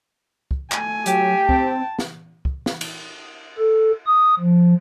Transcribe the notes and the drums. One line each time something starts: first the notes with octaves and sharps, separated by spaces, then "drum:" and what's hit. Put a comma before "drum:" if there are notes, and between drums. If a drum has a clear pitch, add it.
drum: kick
A3 G#5, drum: clap
F#3 G4 G5, drum: hi-hat
C4 A5, drum: kick
drum: snare
drum: kick
drum: snare
drum: cymbal
A4
D#6
F3